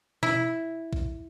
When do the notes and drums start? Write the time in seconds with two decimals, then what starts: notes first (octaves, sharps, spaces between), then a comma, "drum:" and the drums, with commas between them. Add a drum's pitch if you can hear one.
0.23 E4, drum: tom B2
0.93 drum: kick A#1